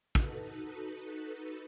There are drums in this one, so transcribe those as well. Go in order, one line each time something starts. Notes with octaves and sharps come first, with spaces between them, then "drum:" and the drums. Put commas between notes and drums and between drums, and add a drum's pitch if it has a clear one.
D#4 F#4 A4 B4, drum: kick